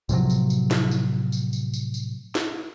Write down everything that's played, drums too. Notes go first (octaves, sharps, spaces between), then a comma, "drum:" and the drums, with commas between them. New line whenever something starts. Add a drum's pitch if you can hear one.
A2 C3 F3 F#3, drum: tambourine
drum: tambourine
drum: tambourine
drum: snare
drum: tambourine
drum: tambourine
drum: tambourine
drum: tambourine
drum: tambourine
drum: snare